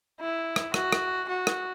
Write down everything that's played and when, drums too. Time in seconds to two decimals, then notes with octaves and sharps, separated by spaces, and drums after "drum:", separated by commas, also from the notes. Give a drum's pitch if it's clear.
0.20 E4
0.56 drum: rim click
0.74 F#4, drum: rim click
0.93 drum: rim click
1.29 F#4
1.47 drum: rim click